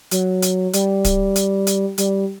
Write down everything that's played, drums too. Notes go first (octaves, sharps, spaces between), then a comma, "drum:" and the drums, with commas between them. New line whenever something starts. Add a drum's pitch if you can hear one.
F#3, drum: hi-hat
drum: hi-hat
G3, drum: hi-hat
drum: kick D1, hi-hat
drum: hi-hat
drum: hi-hat
G3, drum: hi-hat